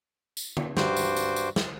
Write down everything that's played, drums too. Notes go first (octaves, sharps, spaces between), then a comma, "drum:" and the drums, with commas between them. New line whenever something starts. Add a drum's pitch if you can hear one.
drum: tambourine
drum: tom
G2 G3 F#4 C5 D6, drum: snare
drum: tambourine
drum: tambourine
drum: tambourine
drum: snare